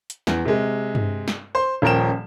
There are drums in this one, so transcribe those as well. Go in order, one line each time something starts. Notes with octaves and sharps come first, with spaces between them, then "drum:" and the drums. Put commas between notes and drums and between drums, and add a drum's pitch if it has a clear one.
drum: hi-hat
E2, drum: snare
C3 G#3
drum: tom G2
drum: snare
C5 C6
D#1 F3 C#4 A#4 G5 E7